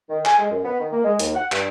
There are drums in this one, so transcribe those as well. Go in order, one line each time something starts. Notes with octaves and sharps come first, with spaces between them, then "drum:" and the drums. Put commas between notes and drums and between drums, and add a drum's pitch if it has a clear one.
D#3
G#5, drum: clap
G#3
F#2
B3
D#3
A#3
G#3
D#2, drum: hi-hat
F#5
G2, drum: clap